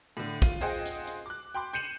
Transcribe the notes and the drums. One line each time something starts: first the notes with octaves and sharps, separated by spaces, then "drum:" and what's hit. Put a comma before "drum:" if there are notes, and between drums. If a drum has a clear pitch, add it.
A2 D3
F4 D#7, drum: kick, hi-hat
F4 G#4 C5 D#5 F#5 G5
drum: hi-hat
drum: hi-hat
D6 F#6
G5 B5 C6 D6
G6 C7 C#7 D#7 E7 F#7, drum: hi-hat